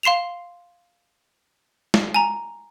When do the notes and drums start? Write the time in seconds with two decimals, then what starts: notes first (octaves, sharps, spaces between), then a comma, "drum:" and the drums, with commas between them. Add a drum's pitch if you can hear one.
0.03 F5 C6 C7 E7 F7
1.94 drum: snare
2.14 G#5 A#5